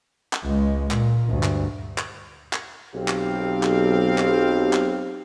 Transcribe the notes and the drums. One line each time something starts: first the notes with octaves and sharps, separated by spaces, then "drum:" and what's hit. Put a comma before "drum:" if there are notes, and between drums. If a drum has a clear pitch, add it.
drum: clap
C#2 G#3
A#2, drum: clap
D2 G2
drum: clap
drum: clap
drum: clap
B1 C4 G4 F5
drum: clap
drum: clap
drum: clap
drum: clap